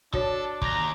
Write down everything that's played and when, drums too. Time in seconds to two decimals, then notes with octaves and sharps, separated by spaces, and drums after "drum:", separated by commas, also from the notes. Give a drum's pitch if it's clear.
0.13 D4 F#4 A4 C#5, drum: kick
0.62 D#2 A#5, drum: kick